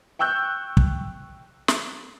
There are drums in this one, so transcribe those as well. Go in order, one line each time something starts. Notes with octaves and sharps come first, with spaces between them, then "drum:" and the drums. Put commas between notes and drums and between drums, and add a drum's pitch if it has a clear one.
G5 C#6 E6 F#6 G6
drum: kick
drum: snare